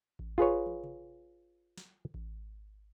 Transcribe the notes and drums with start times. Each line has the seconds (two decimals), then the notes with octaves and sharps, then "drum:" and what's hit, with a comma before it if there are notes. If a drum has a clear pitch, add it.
0.19 drum: kick A1
0.38 F4 G#4 B4 C#5
0.66 drum: tom
0.84 drum: tom C3
1.78 drum: snare
2.14 drum: kick A1